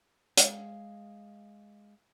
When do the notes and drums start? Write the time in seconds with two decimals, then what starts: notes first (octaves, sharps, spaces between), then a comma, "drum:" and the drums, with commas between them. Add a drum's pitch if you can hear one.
0.37 G#3 F5, drum: hi-hat